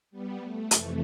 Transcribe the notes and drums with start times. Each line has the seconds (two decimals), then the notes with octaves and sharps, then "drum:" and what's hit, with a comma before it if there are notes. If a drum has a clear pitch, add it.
0.11 G3 B3
0.41 A3
0.71 F2 C3 E3 A3, drum: hi-hat